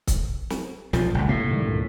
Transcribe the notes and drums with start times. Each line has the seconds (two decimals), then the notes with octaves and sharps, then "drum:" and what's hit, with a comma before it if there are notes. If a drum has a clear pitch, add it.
0.07 drum: kick C#1, hi-hat
0.50 drum: snare
0.93 B1 F3, drum: snare
1.14 G1 C#2
1.28 A2 C3 A#3
1.50 G#2 D#3 G3
1.65 C#2 G2 A#2